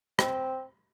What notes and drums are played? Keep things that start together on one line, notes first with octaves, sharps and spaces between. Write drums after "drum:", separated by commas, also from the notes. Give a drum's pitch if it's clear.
C4, drum: rim click